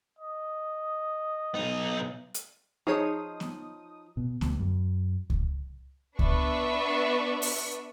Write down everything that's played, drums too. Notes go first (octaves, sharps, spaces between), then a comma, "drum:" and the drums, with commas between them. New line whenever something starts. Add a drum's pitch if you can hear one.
D#5
B1 D#4
drum: hi-hat
F3 D#4 G#4 C#5 D#6
drum: snare
B2
D2, drum: snare
F#2
drum: kick C#2
B3 D4 B4 E5 C#6, drum: kick C#2
drum: open hi-hat